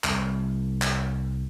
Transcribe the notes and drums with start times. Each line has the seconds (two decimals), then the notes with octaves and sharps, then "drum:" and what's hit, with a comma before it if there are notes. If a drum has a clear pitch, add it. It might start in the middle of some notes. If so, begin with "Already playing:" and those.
0.04 C2, drum: clap
0.82 drum: clap